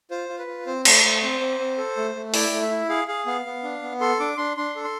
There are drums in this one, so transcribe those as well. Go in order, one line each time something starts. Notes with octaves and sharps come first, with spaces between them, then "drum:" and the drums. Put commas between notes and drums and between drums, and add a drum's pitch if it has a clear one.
F4 C5
F4
B4
F4
C4 C5
A3 C5, drum: cymbal
A3 C5
C4 C5
C4
C4
A4
A3
A3
E4 D5, drum: open hi-hat
A3
E5
E4
G#4 F5
G#4 F5
B3 F5
B3
D4
B3
A4 C6
D4 D6
D4 C6
D4 C6
A4
C6